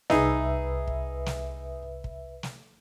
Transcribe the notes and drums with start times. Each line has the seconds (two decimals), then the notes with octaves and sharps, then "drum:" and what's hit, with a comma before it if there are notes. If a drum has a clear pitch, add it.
0.10 C2 D#4 G#4 B4 E5, drum: snare
0.87 drum: kick
1.26 drum: snare
2.04 drum: kick
2.43 drum: snare